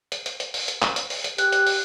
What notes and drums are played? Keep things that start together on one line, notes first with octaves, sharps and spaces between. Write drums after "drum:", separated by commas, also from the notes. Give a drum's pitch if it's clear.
drum: hi-hat
drum: hi-hat
drum: hi-hat
drum: open hi-hat
drum: hi-hat
drum: clap
drum: hi-hat
drum: open hi-hat
drum: hi-hat
G4 F#6, drum: hi-hat
drum: hi-hat
drum: open hi-hat